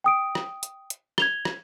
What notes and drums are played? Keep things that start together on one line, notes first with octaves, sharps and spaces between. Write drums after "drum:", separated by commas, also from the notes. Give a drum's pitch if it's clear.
G5 D#6 D7
drum: rim click
drum: hi-hat
drum: hi-hat
G#6 F7 G7, drum: rim click
drum: rim click